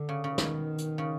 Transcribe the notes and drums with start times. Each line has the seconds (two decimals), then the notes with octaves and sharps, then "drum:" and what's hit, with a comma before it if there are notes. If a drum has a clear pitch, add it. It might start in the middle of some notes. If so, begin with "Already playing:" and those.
Already playing: D3
0.09 C#3
0.24 C#3
0.38 B2 D#3, drum: snare
0.78 drum: hi-hat
0.98 C#3